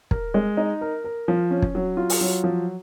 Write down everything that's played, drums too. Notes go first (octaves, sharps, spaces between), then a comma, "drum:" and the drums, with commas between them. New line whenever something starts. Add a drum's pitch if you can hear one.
A#4, drum: kick
G#3
D#4
A#4
A#4
F3
C#4
drum: kick
F#3
F4
drum: open hi-hat
F#3
F3